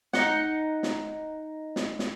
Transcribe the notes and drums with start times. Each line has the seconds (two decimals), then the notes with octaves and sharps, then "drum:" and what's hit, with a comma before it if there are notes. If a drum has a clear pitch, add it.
0.13 D#4 F#5, drum: snare
0.83 drum: snare
1.76 drum: snare
1.99 drum: snare